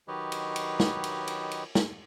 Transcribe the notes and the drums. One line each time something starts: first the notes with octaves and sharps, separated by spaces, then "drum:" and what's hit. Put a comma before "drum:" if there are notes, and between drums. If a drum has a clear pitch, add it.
D#3 F#3 G4 B4 C#5 D#5
drum: cymbal
drum: cymbal
drum: snare
drum: cymbal
drum: cymbal
drum: cymbal
drum: snare